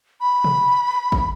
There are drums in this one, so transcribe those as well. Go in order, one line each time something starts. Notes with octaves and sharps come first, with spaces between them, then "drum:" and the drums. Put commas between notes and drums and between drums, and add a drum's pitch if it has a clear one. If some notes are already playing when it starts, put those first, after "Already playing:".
B5
drum: tom B2
drum: kick